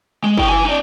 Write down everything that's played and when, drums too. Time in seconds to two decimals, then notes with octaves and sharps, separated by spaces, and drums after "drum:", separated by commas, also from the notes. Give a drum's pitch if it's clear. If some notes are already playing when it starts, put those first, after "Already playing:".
0.24 G#3
0.37 E4 G5, drum: kick
0.49 E4 G#5
0.65 D#4 D5